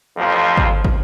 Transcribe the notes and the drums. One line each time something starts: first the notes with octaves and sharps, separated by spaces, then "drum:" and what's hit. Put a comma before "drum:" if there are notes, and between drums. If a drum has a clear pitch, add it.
A1 F2 F3
drum: kick
drum: kick